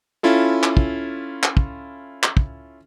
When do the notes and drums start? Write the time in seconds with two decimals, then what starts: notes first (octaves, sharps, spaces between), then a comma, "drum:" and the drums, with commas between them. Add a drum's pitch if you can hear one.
0.23 C#4 E4 F4 A4
0.63 drum: clap
0.77 drum: kick
1.43 drum: clap
1.57 drum: kick
2.23 drum: clap
2.37 drum: kick